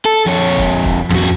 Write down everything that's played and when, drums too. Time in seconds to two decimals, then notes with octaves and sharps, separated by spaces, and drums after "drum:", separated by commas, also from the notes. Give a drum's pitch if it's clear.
0.05 A4
0.26 F2 C#5
0.58 drum: kick
0.84 drum: kick
1.10 F2 F#4, drum: snare